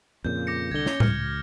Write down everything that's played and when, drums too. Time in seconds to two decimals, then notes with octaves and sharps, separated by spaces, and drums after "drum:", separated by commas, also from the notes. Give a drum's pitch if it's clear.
0.25 F2 A#2 C#3 G6
0.47 D6 A#6 C#7
0.71 C2 D3 G#6 G7
0.86 C#4, drum: snare
1.00 C#2 F6 C#7, drum: tom A2